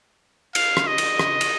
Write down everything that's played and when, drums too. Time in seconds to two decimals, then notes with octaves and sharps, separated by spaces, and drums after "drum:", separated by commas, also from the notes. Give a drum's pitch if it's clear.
0.55 F5, drum: cymbal
0.77 drum: rim click
0.87 D#5
0.98 drum: cymbal
1.19 drum: rim click
1.41 drum: cymbal